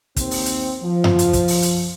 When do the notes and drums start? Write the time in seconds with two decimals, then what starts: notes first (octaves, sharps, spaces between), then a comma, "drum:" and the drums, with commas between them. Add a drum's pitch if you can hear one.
0.16 D#2 C4, drum: kick, hi-hat
0.31 drum: open hi-hat
0.46 drum: hi-hat
0.82 F3
1.04 drum: tom F#2
1.19 drum: hi-hat
1.33 drum: kick, hi-hat
1.48 drum: open hi-hat
1.62 drum: hi-hat